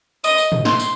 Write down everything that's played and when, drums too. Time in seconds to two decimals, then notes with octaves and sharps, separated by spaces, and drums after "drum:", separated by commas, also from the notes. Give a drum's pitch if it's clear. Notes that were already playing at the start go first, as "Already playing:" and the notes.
0.24 D#5 D#6, drum: tambourine
0.38 drum: tambourine
0.52 drum: tom
0.65 C6, drum: snare
0.80 drum: tambourine